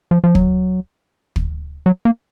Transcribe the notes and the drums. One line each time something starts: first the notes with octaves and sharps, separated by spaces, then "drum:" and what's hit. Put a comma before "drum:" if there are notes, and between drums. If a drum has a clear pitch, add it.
F3
F3
F#3, drum: kick
drum: kick
F#3
A#3